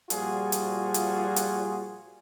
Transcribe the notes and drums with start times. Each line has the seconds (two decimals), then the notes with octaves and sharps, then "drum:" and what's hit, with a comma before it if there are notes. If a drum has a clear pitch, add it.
0.10 A#2 F3 G3 F4 F#4 G#4, drum: hi-hat
0.52 drum: hi-hat
0.94 drum: hi-hat
1.36 drum: hi-hat